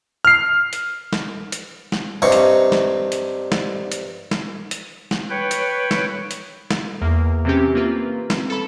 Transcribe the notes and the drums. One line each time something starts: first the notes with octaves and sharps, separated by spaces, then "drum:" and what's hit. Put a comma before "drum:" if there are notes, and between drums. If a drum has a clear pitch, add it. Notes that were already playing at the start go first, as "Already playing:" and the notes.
F6 C7
drum: hi-hat
drum: snare
drum: hi-hat
drum: snare
G2 C3 D#4 C#6
drum: hi-hat
drum: snare
drum: hi-hat
drum: snare
drum: hi-hat
drum: snare
drum: hi-hat
drum: snare
B4 C#5 G5
drum: hi-hat
drum: snare
drum: hi-hat
drum: snare
E2 A#3
C3 E3 C4 C#4 G4
A#3 C4 F4 B4
drum: snare
A4 B5